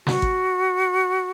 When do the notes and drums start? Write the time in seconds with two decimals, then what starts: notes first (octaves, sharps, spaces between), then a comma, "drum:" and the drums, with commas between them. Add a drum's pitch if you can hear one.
0.07 F#4, drum: snare
0.22 drum: kick